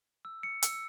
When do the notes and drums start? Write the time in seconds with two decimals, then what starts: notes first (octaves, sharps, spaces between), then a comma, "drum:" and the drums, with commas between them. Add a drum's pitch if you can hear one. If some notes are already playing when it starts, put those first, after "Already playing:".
0.25 E6
0.43 C#7
0.62 E6, drum: hi-hat